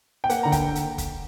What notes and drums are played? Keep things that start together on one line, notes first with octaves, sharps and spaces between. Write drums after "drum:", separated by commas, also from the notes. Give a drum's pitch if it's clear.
G5
A#3 F#5, drum: hi-hat
D3 A#5
G5, drum: kick, hi-hat
drum: hi-hat
drum: kick, hi-hat